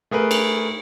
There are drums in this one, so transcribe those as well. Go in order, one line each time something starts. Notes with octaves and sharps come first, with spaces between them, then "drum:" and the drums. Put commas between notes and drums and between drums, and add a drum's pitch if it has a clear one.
A3 G#4 A#4 B4
drum: cymbal